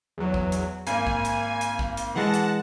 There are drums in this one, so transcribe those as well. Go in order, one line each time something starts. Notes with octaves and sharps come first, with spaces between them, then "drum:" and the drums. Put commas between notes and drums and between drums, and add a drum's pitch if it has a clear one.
E2 F#3
drum: kick
drum: hi-hat
G#1 A#3 G#5, drum: hi-hat
drum: kick
drum: hi-hat
drum: hi-hat
drum: kick
drum: hi-hat
E3 G#3 F#5 A5 A#6
drum: hi-hat